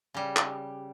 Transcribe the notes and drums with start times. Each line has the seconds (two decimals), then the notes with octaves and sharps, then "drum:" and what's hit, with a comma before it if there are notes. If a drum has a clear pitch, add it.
0.14 C#3 G3
0.36 drum: clap